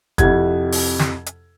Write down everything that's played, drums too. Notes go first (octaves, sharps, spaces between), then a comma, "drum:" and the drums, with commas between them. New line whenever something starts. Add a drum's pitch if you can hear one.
F2 C3 E4 G4 F#5 G#6, drum: kick, hi-hat
drum: open hi-hat
drum: snare
drum: hi-hat